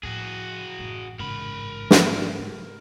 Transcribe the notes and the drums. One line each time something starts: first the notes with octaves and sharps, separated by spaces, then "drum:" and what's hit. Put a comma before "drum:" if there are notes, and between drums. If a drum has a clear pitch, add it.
A2 F3 F#4 G#4
A1 F#2
G#2 C#3 A#4 B5
drum: snare